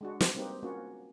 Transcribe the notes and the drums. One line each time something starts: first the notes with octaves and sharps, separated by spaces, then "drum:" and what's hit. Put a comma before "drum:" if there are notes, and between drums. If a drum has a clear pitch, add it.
G#3 D4 F#4
drum: snare
G3 A#3 C4 D#4 G4 B4
A#3 C#4 F4 F#4